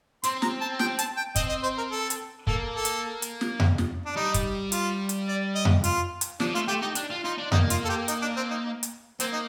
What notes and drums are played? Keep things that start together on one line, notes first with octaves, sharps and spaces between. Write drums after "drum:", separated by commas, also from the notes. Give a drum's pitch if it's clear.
C4 C6, drum: hi-hat
A#5, drum: snare
A5
G5, drum: snare
A5, drum: hi-hat
G5
C4 D#5, drum: kick, hi-hat
D#5
C5
A#4
A4
drum: hi-hat
A#3 A4, drum: kick
A4
drum: hi-hat
drum: hi-hat
drum: snare
drum: tom F2
drum: snare
D4
G3 D#4
drum: kick, hi-hat
F4, drum: hi-hat
drum: hi-hat
D5
D#5
drum: tom F2
F4, drum: hi-hat
drum: hi-hat
F3 D4, drum: snare
A3 F4
A3 G4
D#4 G4
D4, drum: hi-hat
F4
D#4 F4
D4
A#3 D#4, drum: tom F2
F4, drum: hi-hat
A4
G4
D#4, drum: hi-hat
D4
C4
D#4
drum: hi-hat
A#3 C4, drum: hi-hat
D#4